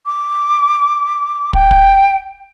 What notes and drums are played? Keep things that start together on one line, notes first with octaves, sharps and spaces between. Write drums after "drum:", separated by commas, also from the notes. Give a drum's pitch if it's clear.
D6
G5, drum: kick
drum: kick